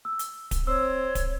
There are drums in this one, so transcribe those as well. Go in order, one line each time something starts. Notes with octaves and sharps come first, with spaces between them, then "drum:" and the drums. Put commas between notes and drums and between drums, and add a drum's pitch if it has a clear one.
E6
drum: hi-hat
drum: kick D1, hi-hat
C4 C#5 E6
drum: kick D1, hi-hat